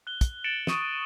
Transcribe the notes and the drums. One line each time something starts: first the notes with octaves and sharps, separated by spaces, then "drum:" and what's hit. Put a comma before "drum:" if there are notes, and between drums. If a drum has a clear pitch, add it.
F#6 G7
drum: kick, hi-hat
A6 C#7 D7 E7 F#7
C#6 D#6 D#7 E7, drum: snare